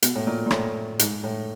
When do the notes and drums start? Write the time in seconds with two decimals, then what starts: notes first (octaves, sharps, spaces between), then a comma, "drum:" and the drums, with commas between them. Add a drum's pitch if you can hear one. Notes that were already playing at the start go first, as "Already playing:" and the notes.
0.02 B2, drum: hi-hat
0.15 A2
0.27 A#2
0.46 A#2
0.51 A2, drum: rim click
0.99 G#2, drum: hi-hat
1.23 A2